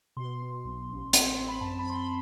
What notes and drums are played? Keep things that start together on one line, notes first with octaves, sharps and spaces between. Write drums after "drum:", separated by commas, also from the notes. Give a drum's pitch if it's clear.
B2 C6
B2
B1
A1
C4, drum: hi-hat
C4 C6
B5
F#2 A5
B5
C4 C6
B5